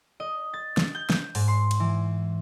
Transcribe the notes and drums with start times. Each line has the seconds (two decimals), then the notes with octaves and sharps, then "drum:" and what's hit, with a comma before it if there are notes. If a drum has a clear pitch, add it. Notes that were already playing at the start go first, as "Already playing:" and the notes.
0.20 D#5
0.54 A6
0.77 drum: snare
0.95 G6
1.10 drum: snare
1.35 G#2, drum: open hi-hat
1.48 C6
1.71 drum: cymbal
1.80 E3